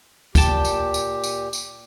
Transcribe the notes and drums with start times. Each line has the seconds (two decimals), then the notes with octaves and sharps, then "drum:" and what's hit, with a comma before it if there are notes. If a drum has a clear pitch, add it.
0.35 A#2 G4 G5 A5, drum: kick D2, tambourine
0.65 drum: tambourine
0.94 drum: tambourine
1.24 drum: tambourine
1.53 drum: tambourine